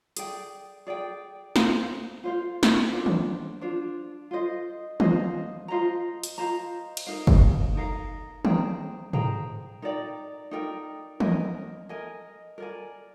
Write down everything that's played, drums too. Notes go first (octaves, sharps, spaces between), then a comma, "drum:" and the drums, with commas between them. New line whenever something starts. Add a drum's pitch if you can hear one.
G#4 D5 G5, drum: hi-hat
G#4 D5 G5
F4 C5 F5, drum: snare
F4 C5 F5
drum: snare
D4 F4 C5
drum: tom
D4 F4 C5
F4 C5 D#5
F4 C5 D#5, drum: tom
F4 C5 D#5 A#5
drum: hi-hat
F4 C5 D#5 A#5
drum: cymbal
D#4 A#4 F5
drum: kick
D#4 A#4 F5
G#4 C5 G5 A#5, drum: tom
G#4 C5 G5 A#5, drum: tom G#2
D#4 A#4 D5 G5
D#4 A#4 D5 G5
A#4 D#5 G#5, drum: tom E3
A#4 D#5 G#5
A#4 D5 G#5